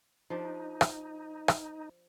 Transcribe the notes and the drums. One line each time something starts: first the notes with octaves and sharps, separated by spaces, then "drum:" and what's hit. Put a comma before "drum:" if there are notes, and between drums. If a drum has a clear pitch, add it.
F3 D4 D#4 G4
drum: rim click
drum: rim click